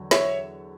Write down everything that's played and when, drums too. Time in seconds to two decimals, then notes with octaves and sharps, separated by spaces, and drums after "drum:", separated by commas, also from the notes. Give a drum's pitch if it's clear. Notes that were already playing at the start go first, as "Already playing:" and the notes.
Already playing: E2 D3 F#3
0.11 C#5 E5, drum: snare